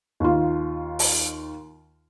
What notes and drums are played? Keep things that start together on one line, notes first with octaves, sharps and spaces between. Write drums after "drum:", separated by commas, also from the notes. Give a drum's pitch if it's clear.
D#2 F4
drum: open hi-hat